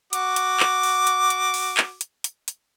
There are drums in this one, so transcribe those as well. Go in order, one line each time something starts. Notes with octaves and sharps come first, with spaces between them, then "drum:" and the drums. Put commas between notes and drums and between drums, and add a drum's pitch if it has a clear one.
F#4 D6, drum: hi-hat
drum: hi-hat
drum: clap
drum: open hi-hat
drum: hi-hat
drum: hi-hat
drum: open hi-hat
drum: clap
drum: hi-hat
drum: hi-hat
drum: hi-hat